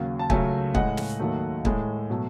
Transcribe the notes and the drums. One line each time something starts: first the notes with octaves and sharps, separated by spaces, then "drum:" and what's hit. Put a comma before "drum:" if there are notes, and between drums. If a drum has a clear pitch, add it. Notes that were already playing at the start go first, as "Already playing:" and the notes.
Already playing: D#2 C#3 F#3
A5
C#2 C#3 F#3 A3 E5 G#5, drum: kick
A2 G#3 D#5 F#5, drum: kick
drum: snare
D#2 D#3 F#3 A3
A2 G#3, drum: kick
B2 F#3 A3